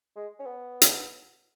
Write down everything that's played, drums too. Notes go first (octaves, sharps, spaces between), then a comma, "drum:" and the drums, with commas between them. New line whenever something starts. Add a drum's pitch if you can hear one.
G#3
C#4
B3
drum: hi-hat